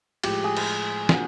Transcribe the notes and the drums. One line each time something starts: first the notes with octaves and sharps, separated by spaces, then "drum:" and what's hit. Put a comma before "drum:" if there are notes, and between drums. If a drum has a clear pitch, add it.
A2 F3 G#3 G4, drum: cymbal
G#4
drum: cymbal
C3 F3 A#3 D4 F#4, drum: snare